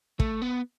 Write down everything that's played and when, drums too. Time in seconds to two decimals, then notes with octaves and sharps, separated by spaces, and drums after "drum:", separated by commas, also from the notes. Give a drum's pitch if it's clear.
0.20 A3, drum: kick
0.42 B3